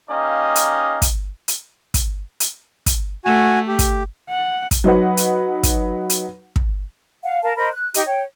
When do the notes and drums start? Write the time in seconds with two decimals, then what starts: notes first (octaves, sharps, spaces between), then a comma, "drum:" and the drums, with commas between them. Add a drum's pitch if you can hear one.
0.10 A#3 C#4 D#4 G4 D#5 F5
0.55 drum: hi-hat
1.02 drum: kick, hi-hat
1.48 drum: hi-hat
1.94 drum: kick, hi-hat
2.40 drum: hi-hat
2.86 drum: kick, hi-hat
3.25 A3 F#4 G#5
3.67 G4
3.79 drum: kick, hi-hat
4.29 F#5
4.71 drum: kick, hi-hat
4.84 F#3 D#4 B4 F#5
5.17 drum: hi-hat
5.63 drum: kick, hi-hat
6.10 drum: hi-hat
6.56 drum: kick
7.23 F5 F#5
7.42 A#4 F5 A5
7.56 A#4 C5 D#5 B5
7.73 F#6
7.94 D#4 G4, drum: hi-hat
8.06 C#5 G5